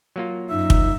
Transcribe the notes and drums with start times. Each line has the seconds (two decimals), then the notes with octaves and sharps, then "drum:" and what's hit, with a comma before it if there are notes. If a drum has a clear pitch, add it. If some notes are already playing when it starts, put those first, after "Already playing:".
0.16 F#3 A#3 F4
0.50 F#2 D#4 E5
0.70 drum: kick